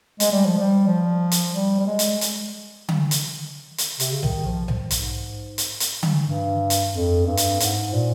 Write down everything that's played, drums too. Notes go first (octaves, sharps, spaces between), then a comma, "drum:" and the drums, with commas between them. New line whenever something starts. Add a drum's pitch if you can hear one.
G#3, drum: hi-hat
G3
F3
G3
F3
drum: hi-hat
G3
G3
G#3
drum: hi-hat
drum: hi-hat
drum: tom D3
drum: hi-hat
drum: hi-hat
C3, drum: hi-hat
C#3
D#3, drum: tom B1
F3
drum: tom B1
G#2, drum: hi-hat
drum: hi-hat
drum: hi-hat
drum: tom D3
G2
drum: hi-hat
F2
G2
drum: hi-hat
G#2, drum: hi-hat
A#2